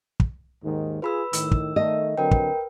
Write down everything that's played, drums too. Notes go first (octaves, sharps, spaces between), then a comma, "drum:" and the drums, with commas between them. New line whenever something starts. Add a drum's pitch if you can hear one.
drum: kick
D#2 G#2 D#3
F4 G#4 B4 B5 E6
A2 D#3 E6, drum: hi-hat
drum: kick
D#3 A3 D#5
D3 F#3 C4 A#4 B4 G5
drum: kick